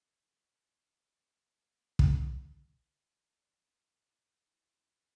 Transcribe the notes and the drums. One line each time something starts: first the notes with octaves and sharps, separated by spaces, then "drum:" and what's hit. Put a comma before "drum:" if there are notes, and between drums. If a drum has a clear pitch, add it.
D#4
D4
C#4
C4
A#3
drum: kick
C4
D4
D4
D#4
D#4
D#4
E4